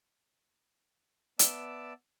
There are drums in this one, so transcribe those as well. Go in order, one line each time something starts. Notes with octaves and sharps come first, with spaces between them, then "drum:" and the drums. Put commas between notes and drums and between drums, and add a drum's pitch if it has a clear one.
B3 D5 E5 A5, drum: hi-hat